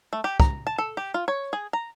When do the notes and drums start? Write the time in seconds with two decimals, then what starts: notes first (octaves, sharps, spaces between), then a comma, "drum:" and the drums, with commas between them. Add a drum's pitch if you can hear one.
0.13 A3
0.24 G4
0.40 A#5, drum: kick
0.67 A5
0.78 A4
0.97 G4
1.14 F4
1.28 C#5
1.53 G#4
1.73 A#5